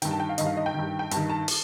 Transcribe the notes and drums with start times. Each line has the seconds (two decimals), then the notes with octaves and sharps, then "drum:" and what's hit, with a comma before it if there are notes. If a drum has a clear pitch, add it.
0.02 G2 D#3 G5, drum: hi-hat
0.11 A5
0.20 G5
0.29 F5
0.38 G2 D#3 D#5, drum: hi-hat
0.46 F5
0.57 D#5
0.66 G5
0.74 G2 D#3
0.99 G5
1.11 G2 D#3 A5, drum: hi-hat
1.30 A5
1.48 drum: open hi-hat